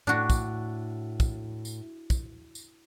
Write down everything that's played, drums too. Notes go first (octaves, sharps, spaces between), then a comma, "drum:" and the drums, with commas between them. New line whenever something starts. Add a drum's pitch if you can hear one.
A2 D4 F#4
drum: kick, tambourine
drum: kick, tambourine
drum: tambourine
drum: kick, tambourine
drum: tambourine